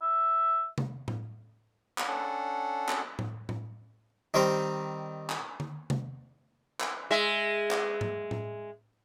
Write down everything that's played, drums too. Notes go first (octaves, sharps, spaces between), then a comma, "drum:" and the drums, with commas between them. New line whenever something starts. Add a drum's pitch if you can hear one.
E5
drum: tom C3
drum: tom A2
drum: clap
C#4 D4 A4 F#5
drum: clap
drum: tom A2
drum: tom A2
D#3 G3 C4 A#4 C5
drum: clap
drum: tom D3
drum: tom C3
drum: clap
G#3 E5
drum: clap
drum: tom G#2
drum: tom A2